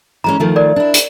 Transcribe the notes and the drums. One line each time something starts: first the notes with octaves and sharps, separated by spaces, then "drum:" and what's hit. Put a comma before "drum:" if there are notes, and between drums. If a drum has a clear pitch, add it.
E3 G#3 C#4 A#5
D#3 F3 A3
A#4 D5
D4 E4
drum: hi-hat